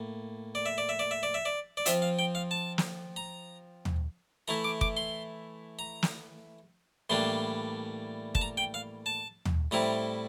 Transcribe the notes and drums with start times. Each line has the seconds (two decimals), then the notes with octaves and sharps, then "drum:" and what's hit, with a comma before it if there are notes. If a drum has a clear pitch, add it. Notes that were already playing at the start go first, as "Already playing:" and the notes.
Already playing: A2 A#3
0.55 D5
0.66 E5
0.78 D5
0.89 E5
0.99 D5
1.11 E5
1.23 D5
1.34 E5
1.45 D5
1.77 D5
1.86 F3 C4 F4 E5, drum: hi-hat
2.02 F5
2.19 G5
2.35 F5
2.51 A5
2.78 drum: snare
3.16 A#5
3.85 drum: tom
4.48 E3 A3 E4 A#5
4.64 D6
4.81 D6, drum: kick
4.97 C6
5.79 A#5
6.03 drum: snare
7.10 A2 E3 G3 A#3 D4 C6
8.35 A5, drum: kick
8.41 A#5
8.57 G5
8.74 F5
9.06 A5
9.45 drum: tom
9.71 A2 G3 C4 E4 A#5